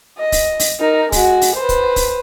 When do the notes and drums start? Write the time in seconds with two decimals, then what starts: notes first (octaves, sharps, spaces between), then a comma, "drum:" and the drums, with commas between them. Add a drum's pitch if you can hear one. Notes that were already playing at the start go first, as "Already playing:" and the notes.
0.19 D#5
0.32 drum: kick, open hi-hat
0.60 drum: open hi-hat
0.80 D#4 A#4
1.12 G#3 F#4, drum: kick, open hi-hat
1.41 drum: open hi-hat
1.56 B4 C5
1.69 drum: kick, hi-hat
1.96 drum: kick, open hi-hat